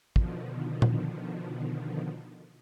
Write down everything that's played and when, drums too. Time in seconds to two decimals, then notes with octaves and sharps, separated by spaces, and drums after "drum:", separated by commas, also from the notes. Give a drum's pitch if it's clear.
0.16 B2 D3 D#3 F3, drum: kick
0.82 drum: tom A#2